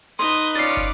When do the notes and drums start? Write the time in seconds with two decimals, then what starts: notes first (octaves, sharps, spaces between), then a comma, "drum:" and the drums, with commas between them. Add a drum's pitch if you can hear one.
0.19 D#4 B4 C6 D#6 G6
0.55 C#4 F4 D5 D6 A6 C7, drum: snare
0.77 drum: kick